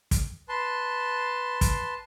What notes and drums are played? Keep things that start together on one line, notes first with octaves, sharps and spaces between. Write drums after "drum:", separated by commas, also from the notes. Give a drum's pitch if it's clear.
drum: kick, hi-hat
B4 A5 C6
drum: kick, hi-hat